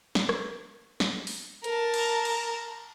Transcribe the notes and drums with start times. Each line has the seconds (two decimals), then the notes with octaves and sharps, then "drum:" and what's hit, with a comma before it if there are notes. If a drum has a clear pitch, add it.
0.15 drum: snare
0.29 drum: rim click
1.00 drum: snare
1.27 drum: open hi-hat
1.64 A#4 A5, drum: hi-hat
1.94 drum: cymbal
2.25 drum: cymbal